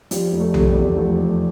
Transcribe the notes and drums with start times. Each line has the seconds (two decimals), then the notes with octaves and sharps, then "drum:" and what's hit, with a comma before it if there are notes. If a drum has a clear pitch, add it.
0.11 F3 G3, drum: hi-hat
0.32 F1
0.40 A3
0.54 C3 A3, drum: tom B1
0.68 G3
0.75 E2
0.96 F3 A3
1.18 F1